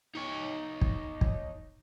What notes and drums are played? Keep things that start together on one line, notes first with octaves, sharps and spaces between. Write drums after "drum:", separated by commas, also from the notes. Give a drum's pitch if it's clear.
D#4 C#5
drum: kick
drum: kick